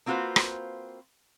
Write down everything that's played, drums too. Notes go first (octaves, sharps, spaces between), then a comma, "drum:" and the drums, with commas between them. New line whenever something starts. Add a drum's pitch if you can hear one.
A#3 C4 F4 F#4 B4 C5
drum: rim click